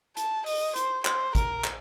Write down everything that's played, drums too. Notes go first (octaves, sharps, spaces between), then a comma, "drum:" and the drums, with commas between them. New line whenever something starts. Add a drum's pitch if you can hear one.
A5, drum: hi-hat
D#5, drum: open hi-hat
C5, drum: hi-hat
C5, drum: clap
A#4, drum: kick, hi-hat
drum: clap